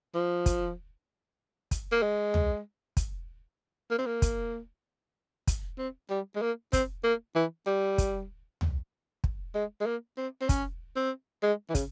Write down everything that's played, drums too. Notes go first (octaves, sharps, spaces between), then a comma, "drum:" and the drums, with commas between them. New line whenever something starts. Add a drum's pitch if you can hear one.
F3
drum: kick, hi-hat
drum: kick, hi-hat
A#3
G#3
drum: tom
drum: kick, hi-hat
A#3
C4
A#3
drum: kick, hi-hat
drum: kick, hi-hat
C4
G3
G#3
A#3
C4, drum: kick, hi-hat
A#3
E3
G3
drum: kick, hi-hat
drum: tom
drum: kick
G#3
G#3
A#3
C4
C4
C#4, drum: kick, hi-hat
C4
G#3
E3
C#3, drum: kick, hi-hat